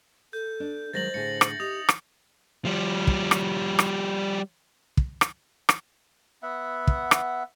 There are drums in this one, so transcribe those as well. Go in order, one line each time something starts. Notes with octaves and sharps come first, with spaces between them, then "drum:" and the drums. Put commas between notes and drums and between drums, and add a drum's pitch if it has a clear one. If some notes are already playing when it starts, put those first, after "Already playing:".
A4 G6
D4
D#3 F#3 G#3 C5 A6 A#6 F#7
A2 D3 G#4 C#7
drum: rim click
D#4 G4 D#6 F7
drum: rim click
F3 G3
drum: kick
drum: rim click
drum: rim click
drum: kick
drum: rim click
drum: rim click
B3 E5 F#5
drum: kick
drum: rim click